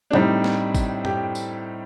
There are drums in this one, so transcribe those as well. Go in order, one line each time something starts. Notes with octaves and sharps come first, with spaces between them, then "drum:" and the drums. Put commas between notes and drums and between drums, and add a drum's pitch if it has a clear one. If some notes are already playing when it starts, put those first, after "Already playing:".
D4
A2 G3 C4 D#4, drum: tom
drum: snare
drum: kick G#1, tambourine
G4, drum: tom
drum: tambourine